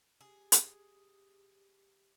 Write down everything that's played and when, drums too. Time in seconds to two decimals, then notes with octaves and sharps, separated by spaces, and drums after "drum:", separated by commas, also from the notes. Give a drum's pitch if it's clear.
0.21 G4 G#4
0.52 drum: hi-hat